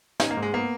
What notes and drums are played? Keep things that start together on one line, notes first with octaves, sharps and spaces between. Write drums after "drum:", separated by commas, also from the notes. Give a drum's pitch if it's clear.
C#4 D#4, drum: snare
A#3
G#2
G#3
A#3 B3